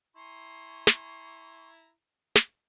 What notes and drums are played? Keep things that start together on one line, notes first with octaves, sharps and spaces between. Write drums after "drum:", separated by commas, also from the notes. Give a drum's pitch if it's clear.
E4 G#5 A#5 C6 C#6
drum: snare
drum: snare